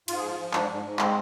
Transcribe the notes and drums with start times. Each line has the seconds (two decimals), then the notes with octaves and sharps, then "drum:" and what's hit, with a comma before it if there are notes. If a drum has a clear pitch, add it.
0.08 G#2 F4, drum: cymbal
0.17 G#4
0.23 F3 F4
0.38 F3
0.53 G#2 D4, drum: clap
0.69 G#2
0.85 G#2
0.99 G#3 C4, drum: clap